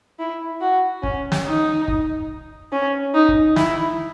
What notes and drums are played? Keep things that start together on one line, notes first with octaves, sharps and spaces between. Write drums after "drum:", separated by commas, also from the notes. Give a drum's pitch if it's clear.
E4
F#4
C#4, drum: kick
drum: snare
D#4
drum: kick
C#4
D#4
drum: kick
E4, drum: snare